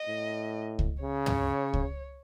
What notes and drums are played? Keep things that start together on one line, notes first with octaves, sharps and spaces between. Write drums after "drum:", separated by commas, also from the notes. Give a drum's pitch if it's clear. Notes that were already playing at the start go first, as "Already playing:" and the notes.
Already playing: D#5
A2
drum: kick C#2
C#3 C#5
drum: tom
drum: kick C#2